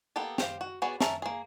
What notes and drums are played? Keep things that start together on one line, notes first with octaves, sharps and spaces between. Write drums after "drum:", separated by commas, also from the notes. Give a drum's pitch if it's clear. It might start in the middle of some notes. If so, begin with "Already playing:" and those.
A#3 B3 G4 A4
G4 C5 F5, drum: snare
F#4
B3 F#4 G#4 C#5 D5
C#4 A#4 E5 A5, drum: snare
A#3 G#4